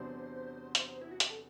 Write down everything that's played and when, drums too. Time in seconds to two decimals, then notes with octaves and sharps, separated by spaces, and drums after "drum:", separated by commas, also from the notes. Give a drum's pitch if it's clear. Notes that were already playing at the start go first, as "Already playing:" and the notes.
Already playing: E2 C3 F#3 B3 D4 C5
0.75 drum: hi-hat
1.01 E4
1.11 F#4
1.20 G4, drum: hi-hat
1.30 A4